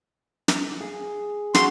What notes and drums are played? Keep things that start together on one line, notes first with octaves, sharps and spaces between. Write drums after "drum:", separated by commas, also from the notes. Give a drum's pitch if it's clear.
drum: snare
G#4
F#4 G#4 C6, drum: snare